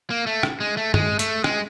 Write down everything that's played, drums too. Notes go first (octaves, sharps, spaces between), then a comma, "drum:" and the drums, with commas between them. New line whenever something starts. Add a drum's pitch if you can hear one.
A#3
A3
drum: rim click
G#3
A3
G#3, drum: tom
A3, drum: hi-hat
G#3, drum: rim click